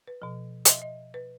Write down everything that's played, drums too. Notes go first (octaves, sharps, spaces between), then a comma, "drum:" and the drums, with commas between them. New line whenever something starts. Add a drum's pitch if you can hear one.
B4
B2 F3
D#5 E5 C6, drum: hi-hat
D#5
B4